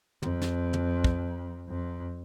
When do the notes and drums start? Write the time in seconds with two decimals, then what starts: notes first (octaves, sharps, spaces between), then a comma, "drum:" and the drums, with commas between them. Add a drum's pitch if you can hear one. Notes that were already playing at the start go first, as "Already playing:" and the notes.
0.22 F2, drum: tom
0.42 drum: snare
0.73 drum: tom
1.04 drum: kick
1.69 F2